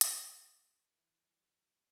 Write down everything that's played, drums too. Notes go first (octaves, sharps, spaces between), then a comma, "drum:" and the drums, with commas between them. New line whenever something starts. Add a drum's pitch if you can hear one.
D3, drum: hi-hat
G4
E3
G3